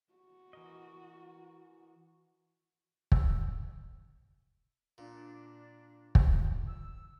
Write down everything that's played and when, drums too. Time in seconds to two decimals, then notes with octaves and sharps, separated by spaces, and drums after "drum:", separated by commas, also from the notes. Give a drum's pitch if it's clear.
0.13 F#4
0.53 E3 A#4 D#5
3.12 E6, drum: kick
4.98 A#2 D4
6.15 drum: kick
6.65 E6